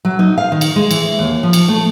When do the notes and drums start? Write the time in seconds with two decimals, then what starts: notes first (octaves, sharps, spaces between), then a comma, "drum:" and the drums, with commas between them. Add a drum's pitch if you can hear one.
0.05 F#3
0.19 D#4
0.38 F5
0.52 D#3
0.61 drum: cymbal
0.76 G#3
0.91 E3, drum: cymbal
1.19 D#2
1.43 F3
1.53 drum: cymbal
1.69 A3